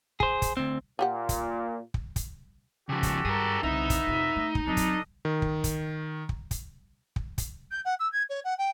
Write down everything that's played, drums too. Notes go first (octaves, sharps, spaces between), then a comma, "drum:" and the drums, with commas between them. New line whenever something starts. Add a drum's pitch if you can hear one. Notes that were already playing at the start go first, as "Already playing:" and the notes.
G#4 C5, drum: kick
drum: kick, hi-hat
D2 C4
A#2 F4 G4 F#5
drum: kick, hi-hat
drum: kick
drum: kick, hi-hat
C#3 F3 F#4 G4 A4
drum: kick, hi-hat
G2 G#4 A#4
C2 D3 B3 D#4 E5
drum: kick, hi-hat
F2 C3
A3
drum: kick
F#3 C4 D4 A4 D#5
drum: kick, hi-hat
D#3
drum: kick
drum: kick, hi-hat
drum: kick
drum: kick, hi-hat
drum: kick
drum: kick, hi-hat
G6
F#5
E6
G#6
C#5
F#5
G5